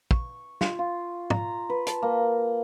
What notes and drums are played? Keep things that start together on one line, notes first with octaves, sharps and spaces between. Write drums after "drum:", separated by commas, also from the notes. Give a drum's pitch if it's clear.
C#6, drum: kick
F4, drum: snare
F4
A#5, drum: tom
B4
A5, drum: hi-hat
A#3